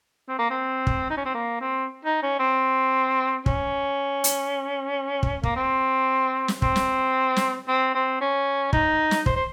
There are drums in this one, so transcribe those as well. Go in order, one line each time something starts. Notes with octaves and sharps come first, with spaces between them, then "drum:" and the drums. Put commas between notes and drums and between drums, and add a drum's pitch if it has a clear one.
C4
A#3
C4
drum: kick
D#4
C#4
C4
A#3
C4
D#4
C#4
C4
C#4, drum: kick
drum: hi-hat
drum: kick
A#3, drum: kick
C4
drum: snare
C4, drum: kick
drum: snare
drum: snare
C4
C4
C#4
D#4, drum: kick
drum: snare
C5, drum: kick
C5